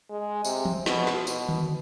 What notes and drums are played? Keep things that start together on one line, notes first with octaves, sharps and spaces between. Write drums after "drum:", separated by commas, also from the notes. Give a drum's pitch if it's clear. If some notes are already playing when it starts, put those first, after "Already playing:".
G#3
C3, drum: tambourine
drum: tom E3
B2, drum: snare
drum: snare
B2, drum: tambourine
drum: tom D3